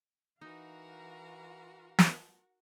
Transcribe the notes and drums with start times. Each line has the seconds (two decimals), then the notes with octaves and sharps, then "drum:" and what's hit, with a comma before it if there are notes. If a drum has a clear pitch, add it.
0.41 E3 D#4 F#4 A#4 F5 F#5 A#5
1.99 drum: snare